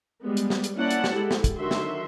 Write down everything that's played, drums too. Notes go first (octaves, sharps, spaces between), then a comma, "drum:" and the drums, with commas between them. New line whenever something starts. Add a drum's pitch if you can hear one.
G3 G#3 B3
drum: hi-hat
drum: snare
drum: hi-hat
A#3 C#4 E4 D5 F#5 A5
drum: hi-hat
drum: snare
G#3 E4 G4 A4
drum: snare
drum: kick, hi-hat
D3 D#3 F#3 F#4 E5 C6
drum: snare